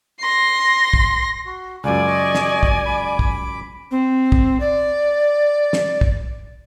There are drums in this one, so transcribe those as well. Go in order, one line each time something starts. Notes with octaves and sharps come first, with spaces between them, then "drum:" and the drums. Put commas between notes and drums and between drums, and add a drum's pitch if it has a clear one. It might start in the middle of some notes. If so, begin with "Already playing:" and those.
C6 A#6
drum: kick
F#4
C#2 F#2 F4 D5 G#5
D#5 C#6
drum: snare
drum: kick
B5 D6
drum: kick
C4
drum: kick
D5
drum: snare
drum: kick